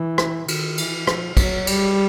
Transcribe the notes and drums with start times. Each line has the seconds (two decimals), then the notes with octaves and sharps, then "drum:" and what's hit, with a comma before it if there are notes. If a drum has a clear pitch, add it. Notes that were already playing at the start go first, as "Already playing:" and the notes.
Already playing: E3
0.18 drum: rim click
0.48 D#3, drum: cymbal
0.78 E3, drum: cymbal
1.07 F3, drum: rim click
1.37 F#3, drum: kick, cymbal
1.67 G3, drum: cymbal